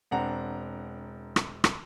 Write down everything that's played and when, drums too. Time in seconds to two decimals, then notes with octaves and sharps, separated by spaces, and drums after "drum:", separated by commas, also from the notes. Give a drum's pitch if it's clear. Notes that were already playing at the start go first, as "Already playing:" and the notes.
0.11 E1 C4 D4 F#5 A#5
1.36 drum: rim click
1.64 drum: rim click